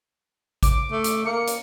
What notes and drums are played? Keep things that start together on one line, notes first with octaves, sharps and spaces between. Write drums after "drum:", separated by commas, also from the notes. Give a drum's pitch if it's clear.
D6, drum: kick A1, hi-hat
A3
drum: hi-hat
A#3 C#7
drum: hi-hat